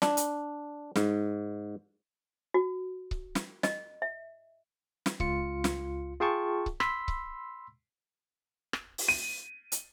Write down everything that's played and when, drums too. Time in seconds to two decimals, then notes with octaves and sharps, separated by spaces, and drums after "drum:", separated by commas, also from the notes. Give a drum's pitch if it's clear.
0.02 D4, drum: snare
0.17 drum: hi-hat
0.96 G#2, drum: snare
2.54 F#4
3.11 drum: kick C#1
3.35 drum: snare
3.63 D#5, drum: snare
4.02 E5
5.06 drum: snare
5.20 C#2 F4 C#7, drum: kick C#1
5.64 drum: snare
6.20 F4 G#4 F5 G5 A5 C#6
6.66 drum: kick C#1
6.80 B5 C6 E6 B6, drum: rim click
7.08 drum: kick C#1
8.73 drum: rim click
8.98 drum: open hi-hat
9.08 D#7
9.72 drum: hi-hat